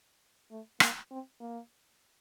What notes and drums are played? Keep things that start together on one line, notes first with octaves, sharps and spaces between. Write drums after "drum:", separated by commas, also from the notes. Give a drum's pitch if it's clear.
A3
A#3, drum: rim click
C4
A#3